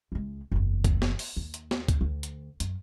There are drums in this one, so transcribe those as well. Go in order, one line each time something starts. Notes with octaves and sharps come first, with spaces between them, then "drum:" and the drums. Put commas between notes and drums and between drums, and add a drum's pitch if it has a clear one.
C#2 G#3
F#1 E2
drum: kick C#2, hi-hat
drum: snare
drum: open hi-hat
D#2
drum: hi-hat
drum: snare
drum: kick C#2, hi-hat
D2
drum: hi-hat
F#2, drum: hi-hat